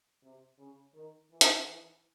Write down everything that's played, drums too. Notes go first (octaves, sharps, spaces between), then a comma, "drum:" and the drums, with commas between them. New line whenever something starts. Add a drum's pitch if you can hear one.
C3
C#3
D#3
E3
drum: hi-hat
E3